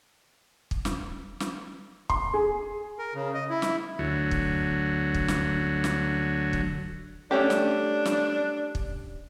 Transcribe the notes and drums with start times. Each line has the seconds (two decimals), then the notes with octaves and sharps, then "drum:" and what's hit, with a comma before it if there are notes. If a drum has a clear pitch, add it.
0.71 drum: kick
0.85 drum: snare
1.40 drum: snare
2.10 C6, drum: kick
2.34 G#4
2.99 A#4
3.15 C#3
3.34 D#5
3.50 E4
3.62 drum: snare
3.99 D2 F#3
4.31 drum: kick
5.14 drum: kick
5.28 drum: snare
5.84 drum: snare
6.53 drum: kick
7.31 A3 C#4 D4 G4
7.50 drum: snare
8.05 drum: snare
8.75 drum: kick